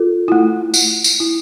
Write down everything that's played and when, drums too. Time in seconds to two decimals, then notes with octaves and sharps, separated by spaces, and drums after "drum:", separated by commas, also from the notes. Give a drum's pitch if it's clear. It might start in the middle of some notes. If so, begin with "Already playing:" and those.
Already playing: F4 A4
0.28 A3 E4
0.74 A3, drum: tambourine
1.04 drum: tambourine
1.20 E4